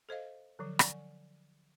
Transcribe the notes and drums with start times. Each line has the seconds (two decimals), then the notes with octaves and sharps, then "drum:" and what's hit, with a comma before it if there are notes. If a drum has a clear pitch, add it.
0.09 A4 C5 D#5 F5
0.59 D3 F3 F#3
0.79 D5 F#5 G#5 C#6, drum: rim click